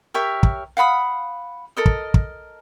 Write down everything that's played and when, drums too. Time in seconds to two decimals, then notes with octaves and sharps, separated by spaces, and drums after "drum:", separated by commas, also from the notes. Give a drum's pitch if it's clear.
0.14 G4 A#4 C#5 E5
0.43 drum: kick
0.77 F5 F#5 B5 D#6
1.77 A4 A#4 D#5
1.86 drum: kick
2.14 drum: kick